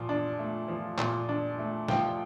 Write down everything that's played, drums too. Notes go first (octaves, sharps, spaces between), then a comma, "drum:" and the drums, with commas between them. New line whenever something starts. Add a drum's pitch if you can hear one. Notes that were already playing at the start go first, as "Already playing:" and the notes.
Already playing: A#2 F3
D4
A3
F3
A#2, drum: clap
D4
A3
F3 G5, drum: snare